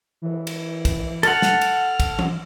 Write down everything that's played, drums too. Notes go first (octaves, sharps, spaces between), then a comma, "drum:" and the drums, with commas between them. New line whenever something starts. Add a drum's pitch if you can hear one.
E3
drum: cymbal
drum: kick, cymbal
A4 F#5 F6, drum: cymbal
drum: snare
drum: cymbal
drum: kick, cymbal
drum: tom E3